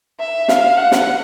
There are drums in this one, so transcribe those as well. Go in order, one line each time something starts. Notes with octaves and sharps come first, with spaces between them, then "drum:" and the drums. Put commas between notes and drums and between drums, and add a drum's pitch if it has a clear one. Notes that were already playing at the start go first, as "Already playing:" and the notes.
E5
F5, drum: snare
F#5
drum: snare